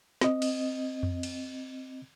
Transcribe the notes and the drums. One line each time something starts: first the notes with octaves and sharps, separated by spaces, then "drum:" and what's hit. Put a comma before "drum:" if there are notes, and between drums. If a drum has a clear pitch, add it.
C4 D#5, drum: snare
drum: cymbal
drum: tom F2
drum: cymbal